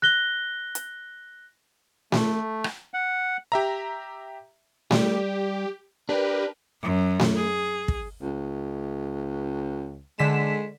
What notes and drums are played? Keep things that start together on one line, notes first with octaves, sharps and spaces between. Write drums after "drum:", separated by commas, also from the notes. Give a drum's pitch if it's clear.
F#6 A#6 G7
drum: hi-hat
A3, drum: snare A3
drum: rim click
F#5
G4 E5 A#5
G3 G4, drum: snare A3
D4 G4 A#4 B4
F#2
drum: snare A3
G#4
drum: kick
C#2
D3 G#3 B6 E7